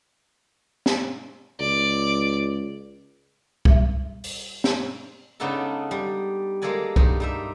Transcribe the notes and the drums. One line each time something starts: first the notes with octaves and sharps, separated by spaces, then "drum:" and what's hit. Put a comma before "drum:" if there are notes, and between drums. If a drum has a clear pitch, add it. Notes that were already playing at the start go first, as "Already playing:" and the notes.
drum: snare
C#2 D5
G3 E5, drum: kick C2
drum: open hi-hat
drum: snare
C#3 G#3 B3 D4 D#4 A4
G3
G#3 A#3 A4 A#4 D5 G#5
G2 G#3 D#4 G4, drum: kick C2
G3 D#4 E5